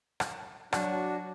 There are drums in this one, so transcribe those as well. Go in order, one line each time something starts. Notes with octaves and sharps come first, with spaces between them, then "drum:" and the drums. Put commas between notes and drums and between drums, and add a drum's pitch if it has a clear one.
drum: rim click
F#3 D4 F#4, drum: rim click